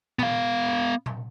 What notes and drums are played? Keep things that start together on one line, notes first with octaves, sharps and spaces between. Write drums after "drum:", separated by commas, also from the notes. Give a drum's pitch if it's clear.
B3 F5, drum: tom A#2
drum: tom A#2